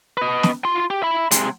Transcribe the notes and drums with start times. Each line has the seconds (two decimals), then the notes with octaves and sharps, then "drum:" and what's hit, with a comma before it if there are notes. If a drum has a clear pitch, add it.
0.17 B4 D#5
0.43 drum: snare
0.65 F4 C6
0.90 G4
1.03 E5 B5
1.31 C3 G#3, drum: hi-hat